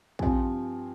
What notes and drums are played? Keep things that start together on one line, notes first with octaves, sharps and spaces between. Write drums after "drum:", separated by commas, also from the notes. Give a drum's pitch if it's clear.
G2 F3 C4 G#5, drum: kick